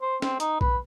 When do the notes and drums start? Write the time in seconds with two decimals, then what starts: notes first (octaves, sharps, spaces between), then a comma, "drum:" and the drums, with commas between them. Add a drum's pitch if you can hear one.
0.02 C5
0.22 C4, drum: snare
0.40 D#4, drum: hi-hat
0.61 B4, drum: kick A#1